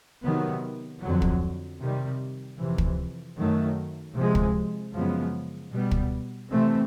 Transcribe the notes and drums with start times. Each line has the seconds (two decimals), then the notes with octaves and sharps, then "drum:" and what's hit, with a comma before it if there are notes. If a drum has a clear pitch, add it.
0.24 C3 D#3 F#3 B3
1.02 F2 D3 F#3
1.22 drum: kick
1.80 C3 D#3 G3
2.59 F2 C3 E3
2.78 drum: kick
3.38 F#2 D#3 F#3 A3
4.15 C3 F3 G#3
4.35 drum: kick
4.93 F#2 C#3 F3 G#3 B3
5.72 B2 G3 B3
5.92 drum: kick
6.50 C3 E3 A3 C4